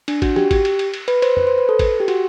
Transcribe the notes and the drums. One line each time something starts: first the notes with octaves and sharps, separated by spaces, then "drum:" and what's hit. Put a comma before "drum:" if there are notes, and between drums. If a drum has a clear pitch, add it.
D4, drum: cymbal
F#4, drum: kick A1, cymbal
G4, drum: snare
G4, drum: kick A1, cymbal
drum: cymbal
drum: cymbal
drum: cymbal
B4, drum: cymbal
C5, drum: cymbal
B4, drum: tom
C5
B4
A4
drum: kick A1, cymbal
G4
F#4, drum: cymbal